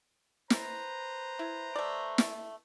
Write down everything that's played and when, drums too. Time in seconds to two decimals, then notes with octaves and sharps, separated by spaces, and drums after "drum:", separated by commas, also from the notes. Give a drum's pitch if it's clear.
0.50 B4 C5 A#5, drum: snare
1.39 E4
1.76 A3 D5
2.18 drum: snare